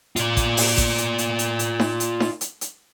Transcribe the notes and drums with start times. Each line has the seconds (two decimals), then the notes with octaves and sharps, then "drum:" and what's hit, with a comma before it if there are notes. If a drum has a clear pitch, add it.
0.16 F4 D5, drum: hi-hat
0.37 drum: kick A1, hi-hat
0.57 drum: open hi-hat
0.77 drum: kick A1, hi-hat
0.98 drum: hi-hat
1.18 drum: hi-hat
1.39 drum: hi-hat
1.59 drum: hi-hat
1.80 drum: snare D#4
2.00 drum: hi-hat
2.20 drum: snare D#4
2.41 drum: hi-hat
2.61 drum: hi-hat